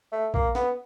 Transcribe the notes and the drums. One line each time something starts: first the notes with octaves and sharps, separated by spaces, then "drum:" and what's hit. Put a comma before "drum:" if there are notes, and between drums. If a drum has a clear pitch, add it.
A3
A#3, drum: kick A#1
B3, drum: snare